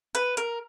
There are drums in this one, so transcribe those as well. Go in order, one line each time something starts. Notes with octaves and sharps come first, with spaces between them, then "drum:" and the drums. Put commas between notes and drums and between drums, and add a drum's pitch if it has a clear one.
B4, drum: hi-hat
A#4, drum: hi-hat